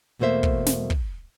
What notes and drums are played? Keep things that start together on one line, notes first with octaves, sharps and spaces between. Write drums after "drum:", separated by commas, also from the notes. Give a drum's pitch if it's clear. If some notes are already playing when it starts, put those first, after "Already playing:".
E2 B2 A3 A#3 C5 E5
drum: kick
drum: snare
drum: kick